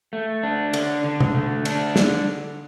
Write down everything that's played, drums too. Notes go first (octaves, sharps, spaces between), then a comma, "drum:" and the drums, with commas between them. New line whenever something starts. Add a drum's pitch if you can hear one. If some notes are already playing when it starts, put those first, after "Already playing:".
A3
D4
D3, drum: cymbal
D3
drum: tom B2
A3
D4, drum: cymbal
D3, drum: snare